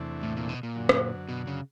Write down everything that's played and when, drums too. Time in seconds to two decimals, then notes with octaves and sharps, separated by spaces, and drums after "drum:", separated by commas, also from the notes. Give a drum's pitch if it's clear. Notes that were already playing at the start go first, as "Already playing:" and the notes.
Already playing: E2 C3 E3 A3 D4
0.23 A2
0.37 A#2
0.49 B2
0.63 A#2
0.76 F#2 D3 F#3
0.89 drum: rim click
1.29 B2
1.47 C#3